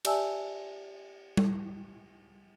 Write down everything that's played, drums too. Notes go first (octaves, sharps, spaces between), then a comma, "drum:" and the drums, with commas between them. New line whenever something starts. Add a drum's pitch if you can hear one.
G4 D5 E5 G#5 A5 E6, drum: cymbal
drum: tom G3